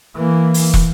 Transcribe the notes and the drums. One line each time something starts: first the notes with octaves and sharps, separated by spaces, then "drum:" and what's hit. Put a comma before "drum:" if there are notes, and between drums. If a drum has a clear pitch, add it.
E3 A#3
drum: open hi-hat
drum: kick